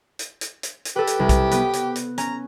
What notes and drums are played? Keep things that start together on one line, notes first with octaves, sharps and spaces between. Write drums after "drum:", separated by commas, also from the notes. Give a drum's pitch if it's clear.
drum: hi-hat
drum: hi-hat
drum: hi-hat
drum: hi-hat
G4 A4 B4
drum: hi-hat
C2
drum: kick B1, hi-hat
B3, drum: hi-hat
drum: hi-hat
drum: hi-hat
C#4 A#5, drum: hi-hat